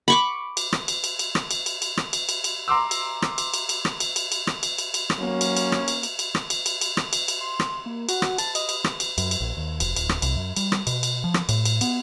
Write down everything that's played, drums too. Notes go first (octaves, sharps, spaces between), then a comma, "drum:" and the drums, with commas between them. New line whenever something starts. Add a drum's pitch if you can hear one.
B5 C#6 D6
drum: cymbal
drum: rim click
drum: cymbal
drum: cymbal
drum: cymbal
drum: rim click
drum: cymbal
drum: cymbal
drum: cymbal
drum: rim click
drum: cymbal
drum: cymbal
drum: cymbal
A#5 C6 D6 E6
drum: cymbal
drum: rim click
drum: cymbal
drum: cymbal
drum: cymbal
drum: rim click
drum: cymbal
drum: cymbal
drum: cymbal
drum: rim click
drum: cymbal
drum: cymbal
drum: cymbal
drum: rim click
F#3 A#3 C#4
drum: cymbal
drum: cymbal
drum: rim click
drum: cymbal
drum: cymbal
drum: cymbal
drum: rim click
drum: cymbal
drum: cymbal
drum: cymbal
drum: rim click
drum: cymbal
drum: cymbal
C6
drum: rim click
A#3
F#4, drum: cymbal
drum: rim click
A5, drum: cymbal
D#5, drum: cymbal
drum: cymbal
drum: rim click
drum: cymbal
F#2, drum: cymbal
drum: cymbal
A#1
D#2
F1, drum: cymbal
D1, drum: cymbal
drum: rim click
C2, drum: cymbal
F#2
G3, drum: cymbal
drum: rim click
B2, drum: cymbal
drum: cymbal
F3
drum: rim click
A2, drum: cymbal
drum: cymbal
B3, drum: cymbal